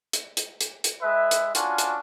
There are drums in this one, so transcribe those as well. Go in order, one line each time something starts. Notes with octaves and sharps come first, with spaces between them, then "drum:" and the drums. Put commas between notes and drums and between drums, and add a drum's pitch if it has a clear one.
drum: hi-hat
drum: hi-hat
drum: hi-hat
drum: hi-hat
G#3 B4 E5
drum: hi-hat
C#4 D4 F4 F#4 G#5, drum: hi-hat
drum: hi-hat